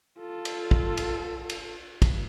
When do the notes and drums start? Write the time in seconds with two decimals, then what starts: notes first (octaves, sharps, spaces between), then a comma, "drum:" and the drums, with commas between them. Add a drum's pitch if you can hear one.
0.19 F4 A4
0.45 drum: cymbal
0.71 drum: kick
0.97 drum: cymbal
1.50 drum: cymbal
2.02 drum: kick, cymbal